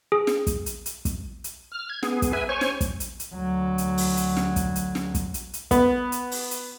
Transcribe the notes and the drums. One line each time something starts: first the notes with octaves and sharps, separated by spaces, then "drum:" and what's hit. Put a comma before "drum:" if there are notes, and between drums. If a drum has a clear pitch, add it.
G#4
drum: snare
drum: kick, hi-hat
drum: hi-hat
drum: hi-hat
drum: kick, hi-hat
drum: hi-hat
F6
G#6
B3 G#4, drum: snare
drum: kick, hi-hat
B4 E5 G#5
C5 C#5 G#5 C#6
drum: snare
drum: kick, hi-hat
drum: hi-hat
drum: hi-hat
D2 F#3
drum: hi-hat
drum: open hi-hat
drum: hi-hat
drum: snare
drum: kick, hi-hat
drum: hi-hat
drum: snare
drum: kick, hi-hat
drum: hi-hat
drum: hi-hat
B3, drum: kick, hi-hat
drum: hi-hat
drum: open hi-hat
drum: hi-hat